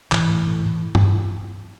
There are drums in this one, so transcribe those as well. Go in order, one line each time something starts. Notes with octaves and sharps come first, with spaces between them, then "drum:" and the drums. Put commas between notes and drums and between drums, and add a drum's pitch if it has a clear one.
A2 E3, drum: clap
A2
A2
A2
drum: tom G2